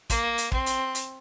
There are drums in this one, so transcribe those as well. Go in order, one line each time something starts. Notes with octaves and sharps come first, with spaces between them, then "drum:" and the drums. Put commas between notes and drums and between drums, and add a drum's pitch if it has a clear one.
A#3, drum: kick, hi-hat
drum: hi-hat
C4, drum: kick
drum: hi-hat
drum: hi-hat